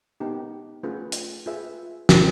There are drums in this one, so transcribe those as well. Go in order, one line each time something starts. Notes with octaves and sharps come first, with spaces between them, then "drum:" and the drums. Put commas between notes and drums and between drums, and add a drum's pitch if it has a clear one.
B3 D#4 G4
A3 C#4 F4 G#4 B4
drum: hi-hat
F4 G#4 B4 E5
C4 E4 G4 C5 E5, drum: snare